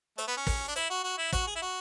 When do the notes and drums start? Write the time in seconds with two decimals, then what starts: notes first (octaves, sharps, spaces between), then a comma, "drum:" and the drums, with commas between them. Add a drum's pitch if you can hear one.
0.18 A3, drum: hi-hat
0.28 B3
0.37 C#4
0.47 drum: kick, open hi-hat
0.68 D4
0.76 E4, drum: hi-hat
0.90 F#4
1.04 F#4
1.18 E4
1.32 F#4, drum: kick, hi-hat
1.47 G#4
1.55 E4
1.62 F#4